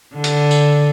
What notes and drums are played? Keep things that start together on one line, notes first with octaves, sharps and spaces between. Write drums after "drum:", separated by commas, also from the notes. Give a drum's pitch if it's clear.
D3
drum: hi-hat
drum: tambourine